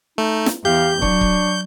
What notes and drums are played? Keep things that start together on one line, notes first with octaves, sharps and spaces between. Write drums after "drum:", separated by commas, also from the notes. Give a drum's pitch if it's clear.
A3 D#4
drum: snare
E2 G4 F5 G6
F#3 D4 C#6, drum: kick
drum: kick